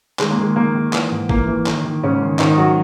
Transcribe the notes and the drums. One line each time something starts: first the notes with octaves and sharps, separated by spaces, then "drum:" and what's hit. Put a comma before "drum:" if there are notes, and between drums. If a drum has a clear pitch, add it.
D#3 G#3, drum: clap
A#3
D#3 G#3
D#3 A#3
D#3
E3, drum: clap
G#2
E3 A#3, drum: kick G#1
E3
D#3, drum: clap
D#3
G#2 C#3 C#4
D#3
G#2 D#3 D#4, drum: clap
G#2 F#3 F#4